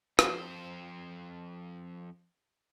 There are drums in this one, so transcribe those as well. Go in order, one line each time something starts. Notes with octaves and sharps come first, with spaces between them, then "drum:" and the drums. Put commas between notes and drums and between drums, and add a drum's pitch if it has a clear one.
F2 C5, drum: rim click